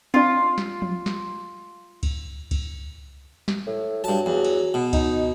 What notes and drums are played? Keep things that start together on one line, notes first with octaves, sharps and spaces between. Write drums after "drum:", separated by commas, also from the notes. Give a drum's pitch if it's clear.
C4 D4 F4
drum: snare
drum: tom F3
drum: snare
drum: kick C#2, cymbal
drum: kick C#2, cymbal
drum: snare
A2
G2 F#3 A5
E2
drum: cymbal
B2
D#4, drum: kick C#2, cymbal